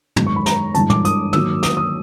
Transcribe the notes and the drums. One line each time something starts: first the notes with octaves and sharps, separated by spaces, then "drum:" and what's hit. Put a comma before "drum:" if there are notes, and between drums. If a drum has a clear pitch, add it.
F#2 D#3 G#3, drum: tom
C#6
B5
A#5, drum: snare
G2 E3 G#3 A5, drum: hi-hat
D6, drum: tom
D#6, drum: hi-hat
D#3 F#3 A#3 E6, drum: tom
D#6, drum: snare
D#6